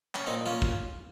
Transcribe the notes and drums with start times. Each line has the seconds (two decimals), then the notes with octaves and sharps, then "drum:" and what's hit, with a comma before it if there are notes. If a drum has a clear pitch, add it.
0.15 C#4, drum: clap
0.27 A#2 C4 D#4
0.46 A#3 C#4 F4
0.62 drum: kick